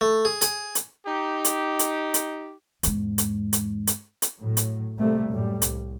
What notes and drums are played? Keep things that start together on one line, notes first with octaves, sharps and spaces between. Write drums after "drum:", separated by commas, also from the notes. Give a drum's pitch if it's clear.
A3
G#4
G#4, drum: hi-hat
drum: hi-hat
D#4 G4
drum: hi-hat
drum: hi-hat
drum: hi-hat
E2 G#2, drum: hi-hat
drum: hi-hat
drum: hi-hat
drum: hi-hat
drum: hi-hat
A2 F#3
drum: hi-hat
C3 G3 A3 A#3
F#2 A2 G3
C2, drum: hi-hat